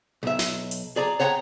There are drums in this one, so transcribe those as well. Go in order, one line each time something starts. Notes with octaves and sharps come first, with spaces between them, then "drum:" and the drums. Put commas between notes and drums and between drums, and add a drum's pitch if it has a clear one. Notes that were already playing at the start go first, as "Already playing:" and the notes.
B1 E5
drum: snare
drum: hi-hat
G#4 D5 A#5
C#5 F#5 G5 A#5